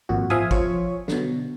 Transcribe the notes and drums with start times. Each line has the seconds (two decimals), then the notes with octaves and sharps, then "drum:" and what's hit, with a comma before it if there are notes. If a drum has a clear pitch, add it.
0.09 G#1 F2 A#2 F#4
0.30 F3 E5 F5 G#5 D#6, drum: tom G#2
0.51 F3 F4 C#5 C#6, drum: kick
1.08 B2 D3, drum: snare